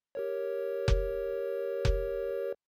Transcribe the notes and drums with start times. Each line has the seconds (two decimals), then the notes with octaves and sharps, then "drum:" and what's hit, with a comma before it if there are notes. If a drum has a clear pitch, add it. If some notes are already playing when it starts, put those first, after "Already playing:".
0.15 G4 A#4 C#5
0.88 drum: kick F1
1.85 drum: kick F1